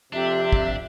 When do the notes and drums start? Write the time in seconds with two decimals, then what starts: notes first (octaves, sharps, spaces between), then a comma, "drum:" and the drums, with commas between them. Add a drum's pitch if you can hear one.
0.13 F2 C3 D4 G4 E5
0.53 drum: kick